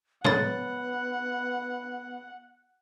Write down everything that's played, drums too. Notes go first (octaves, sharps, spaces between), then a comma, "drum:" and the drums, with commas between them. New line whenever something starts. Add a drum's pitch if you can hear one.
B3 C#5 F#5 A6, drum: tom A2